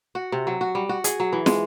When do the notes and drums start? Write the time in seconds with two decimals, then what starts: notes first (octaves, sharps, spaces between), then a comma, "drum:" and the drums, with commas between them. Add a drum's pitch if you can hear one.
0.15 F#4
0.32 C3
0.47 F#3
0.61 F#4
0.75 G3
0.89 F#4
1.04 G#4, drum: hi-hat
1.20 F#3
1.33 E3
1.46 G#3, drum: snare